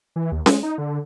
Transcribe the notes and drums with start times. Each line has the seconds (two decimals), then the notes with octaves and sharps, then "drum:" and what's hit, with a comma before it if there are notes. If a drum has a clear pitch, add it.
0.16 E3
0.32 D#2
0.46 G#3, drum: snare C#4
0.63 D#4
0.78 D3